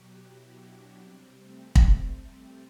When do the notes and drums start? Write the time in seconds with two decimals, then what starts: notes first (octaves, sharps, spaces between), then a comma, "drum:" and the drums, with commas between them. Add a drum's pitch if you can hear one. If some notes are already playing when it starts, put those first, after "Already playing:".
Already playing: B2 F#3 F#4 G4
0.27 E4
0.65 D4
1.02 C3 G3 C4
1.39 A3
1.75 drum: kick
2.12 A3